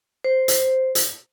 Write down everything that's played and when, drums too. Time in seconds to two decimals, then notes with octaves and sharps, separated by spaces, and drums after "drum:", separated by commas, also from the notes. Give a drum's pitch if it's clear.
0.24 C5
0.48 drum: hi-hat
0.95 drum: hi-hat